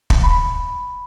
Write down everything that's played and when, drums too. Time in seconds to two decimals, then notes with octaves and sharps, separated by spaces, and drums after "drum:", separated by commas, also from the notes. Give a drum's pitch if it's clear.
0.10 drum: kick
0.23 B5